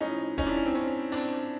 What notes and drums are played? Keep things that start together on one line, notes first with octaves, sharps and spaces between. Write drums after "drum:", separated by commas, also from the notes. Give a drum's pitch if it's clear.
A2 F3 C#4 D#4
C#4 D#4, drum: kick E1, hi-hat
D4 E4
C#4
C4
C#4, drum: hi-hat
C4 D4, drum: open hi-hat